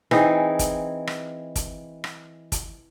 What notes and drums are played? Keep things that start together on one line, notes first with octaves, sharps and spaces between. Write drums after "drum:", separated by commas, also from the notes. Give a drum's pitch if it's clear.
E3 C4 D#4 G#4, drum: rim click
drum: kick, hi-hat
drum: rim click
drum: kick, hi-hat
drum: rim click
drum: kick, hi-hat